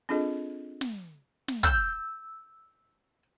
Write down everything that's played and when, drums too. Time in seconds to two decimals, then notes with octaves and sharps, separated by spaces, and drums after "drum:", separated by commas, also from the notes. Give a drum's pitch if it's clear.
0.09 C4 D4 F4 G#4 A4 D#5
0.81 drum: snare
1.48 drum: snare
1.63 E6 G6, drum: kick